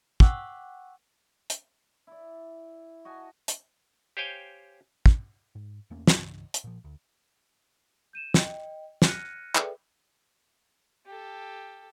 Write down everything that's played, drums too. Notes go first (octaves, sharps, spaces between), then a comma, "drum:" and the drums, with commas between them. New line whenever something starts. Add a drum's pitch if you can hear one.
F#5 G5 C#6 D6 E6 F#6, drum: kick
drum: hi-hat
E4 D5
F#4 D#5 G#5 A5
drum: hi-hat
G4 C5 C#5 F5 G5 G#5
drum: kick
G#2
E2 A3 A#3 C#4
C2 G2 C#3 E3, drum: snare
drum: hi-hat
A#2 F3
D2
G6 D#7 E7
D#5 G5, drum: snare
F6 F#6 G#6 A#6 C#7 D#7, drum: snare
G#4 A4 B4 D5 E5 G5, drum: clap
G4 A4